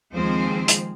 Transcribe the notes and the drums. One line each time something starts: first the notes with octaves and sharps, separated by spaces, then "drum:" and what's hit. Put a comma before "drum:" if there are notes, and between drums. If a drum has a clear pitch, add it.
D#2 F3 G#3 C4 G#4 C5
drum: hi-hat